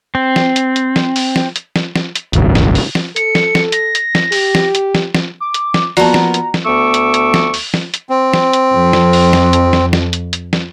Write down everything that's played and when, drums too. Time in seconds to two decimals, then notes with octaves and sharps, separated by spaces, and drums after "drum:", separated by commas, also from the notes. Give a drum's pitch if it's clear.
0.15 C4
0.36 drum: snare
0.56 drum: hi-hat
0.76 drum: hi-hat
0.96 drum: snare
1.16 drum: open hi-hat
1.36 drum: snare
1.56 drum: hi-hat
1.76 drum: snare
1.96 drum: snare
2.15 drum: hi-hat
2.33 D#1 G#1 C#2, drum: hi-hat
2.55 drum: snare
2.75 drum: open hi-hat
2.95 drum: snare
3.16 A4 C#7, drum: hi-hat
3.35 drum: snare
3.55 drum: snare
3.72 A#6, drum: hi-hat
3.95 drum: hi-hat
4.15 drum: snare
4.32 G4, drum: open hi-hat
4.55 drum: snare
4.75 drum: hi-hat
4.95 drum: snare
5.15 drum: snare
5.40 D6
5.54 drum: hi-hat
5.74 drum: snare
5.97 F3 A#3 B3 F#4 D5 A5 A#5, drum: open hi-hat
6.14 drum: snare
6.34 drum: hi-hat
6.54 drum: snare
6.66 D2 A3 B3 C#6 D6 E6
6.94 drum: hi-hat
7.14 drum: hi-hat
7.34 drum: snare
7.54 drum: open hi-hat
7.74 drum: snare
7.94 drum: hi-hat
8.10 C4
8.34 drum: snare
8.53 drum: hi-hat
8.73 F2
8.93 drum: snare
9.13 drum: open hi-hat
9.33 drum: snare
9.53 drum: hi-hat
9.73 drum: snare
9.93 drum: snare
10.13 drum: hi-hat
10.33 drum: hi-hat
10.53 drum: snare